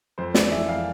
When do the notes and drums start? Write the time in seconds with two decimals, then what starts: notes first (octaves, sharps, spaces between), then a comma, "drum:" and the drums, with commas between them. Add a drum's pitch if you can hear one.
0.18 F2 C5
0.34 G#3 D5, drum: snare
0.52 E3 E5
0.68 F2 F5